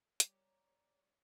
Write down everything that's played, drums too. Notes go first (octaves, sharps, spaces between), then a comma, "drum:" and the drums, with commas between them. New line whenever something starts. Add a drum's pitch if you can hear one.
G3 A#3 F4 G4 C#5 D5, drum: hi-hat